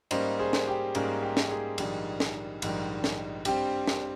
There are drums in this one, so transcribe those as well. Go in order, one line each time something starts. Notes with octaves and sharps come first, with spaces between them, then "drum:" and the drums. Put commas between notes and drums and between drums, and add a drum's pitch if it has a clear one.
G#2 G3 A#3 C#4 C5 D#5, drum: cymbal
G#4 C5
drum: snare
G4
G#2 G3 A#3 C#4 G#4, drum: cymbal
G4
drum: snare
G#4
A#1 G#2 D#3 G3, drum: cymbal
drum: snare
A#1 G#2 D#3 G3, drum: cymbal
drum: snare
G2 G3 C4 G4, drum: cymbal
drum: snare